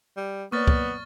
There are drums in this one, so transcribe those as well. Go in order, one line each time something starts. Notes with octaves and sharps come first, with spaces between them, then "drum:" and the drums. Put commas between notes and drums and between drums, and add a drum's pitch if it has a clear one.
G3
A#3 B3 C#5 D5 C#6 F6 A6
drum: kick